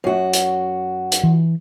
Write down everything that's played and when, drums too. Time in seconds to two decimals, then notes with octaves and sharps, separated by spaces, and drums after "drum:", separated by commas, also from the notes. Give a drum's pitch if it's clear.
0.04 F#2 F#4
0.33 drum: hi-hat
1.12 drum: hi-hat
1.23 E3